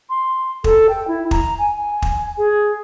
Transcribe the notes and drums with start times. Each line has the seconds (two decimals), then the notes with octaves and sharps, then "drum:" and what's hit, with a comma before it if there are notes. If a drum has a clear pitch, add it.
0.10 C6
0.64 A4, drum: kick
0.89 G5
1.08 E4
1.31 A#5, drum: kick
1.58 G#5
2.02 drum: kick
2.38 G#4